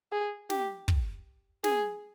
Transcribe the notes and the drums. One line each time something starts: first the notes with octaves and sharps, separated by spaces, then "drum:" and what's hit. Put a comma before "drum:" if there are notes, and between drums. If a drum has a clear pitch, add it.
G#4
G4, drum: snare
drum: kick
G#4, drum: snare